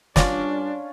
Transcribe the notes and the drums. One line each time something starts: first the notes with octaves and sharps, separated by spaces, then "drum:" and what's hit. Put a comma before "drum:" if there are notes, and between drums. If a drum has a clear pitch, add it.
G2 C#4 D4 F4 D5, drum: snare